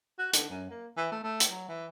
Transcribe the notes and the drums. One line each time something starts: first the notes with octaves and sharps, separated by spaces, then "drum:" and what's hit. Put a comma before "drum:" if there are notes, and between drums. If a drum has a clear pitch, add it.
F#4
D3, drum: hi-hat
F#2
A#3
E3
A3
A3
drum: hi-hat
F#3
E3